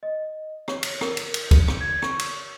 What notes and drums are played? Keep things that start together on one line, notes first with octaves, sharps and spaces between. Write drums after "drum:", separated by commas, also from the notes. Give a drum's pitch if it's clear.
D#5
C#5, drum: rim click
drum: cymbal
A#4, drum: rim click
drum: cymbal
drum: cymbal
drum: kick, cymbal
drum: rim click
G#6
C#6, drum: rim click
drum: cymbal